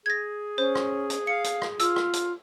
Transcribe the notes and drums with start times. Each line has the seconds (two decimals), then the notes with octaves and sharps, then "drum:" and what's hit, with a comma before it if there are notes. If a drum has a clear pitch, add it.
0.06 G#4 G#6 A#6
0.58 C#4 C5
0.75 drum: rim click
1.10 drum: hi-hat
1.27 F5 C#7
1.44 drum: hi-hat
1.62 drum: rim click
1.80 F4 E6, drum: hi-hat
1.96 drum: rim click
2.13 drum: hi-hat